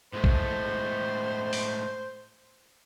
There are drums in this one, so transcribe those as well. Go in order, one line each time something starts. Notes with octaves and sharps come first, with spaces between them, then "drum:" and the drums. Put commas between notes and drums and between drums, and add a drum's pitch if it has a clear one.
A2 G#3 A3 C5
drum: kick A#1
drum: open hi-hat